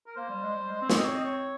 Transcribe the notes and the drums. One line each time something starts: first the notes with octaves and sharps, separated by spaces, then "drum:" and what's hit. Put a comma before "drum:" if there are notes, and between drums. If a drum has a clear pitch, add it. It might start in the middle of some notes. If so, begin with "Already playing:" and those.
A#4
A#3 C5
G3
G#3
G3
G#3
C4
C#5, drum: snare
D#5
C#5
D#5
C#5